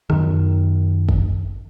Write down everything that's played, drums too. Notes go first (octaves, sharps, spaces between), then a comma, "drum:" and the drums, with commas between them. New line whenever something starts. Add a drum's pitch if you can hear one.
F#2 D#3, drum: rim click
drum: kick